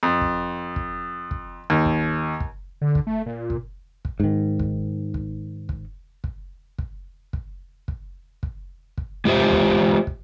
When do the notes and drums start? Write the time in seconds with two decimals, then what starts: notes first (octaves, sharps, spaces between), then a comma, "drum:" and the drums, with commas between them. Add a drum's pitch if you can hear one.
0.03 F2
0.21 drum: kick
0.76 drum: kick
1.31 drum: kick
1.70 D#2
1.86 drum: kick
2.40 drum: kick
2.81 D3
2.95 drum: kick
3.07 A3
3.26 A#2
3.50 drum: kick
4.05 drum: kick
4.20 G#2 D#3
4.59 drum: kick
5.14 drum: kick
5.69 drum: kick
6.24 drum: kick
6.78 drum: kick
7.33 drum: kick
7.88 drum: kick
8.43 drum: kick
8.98 drum: kick
9.25 G#3 F4 G4 C5 E5
9.52 drum: kick
10.07 drum: kick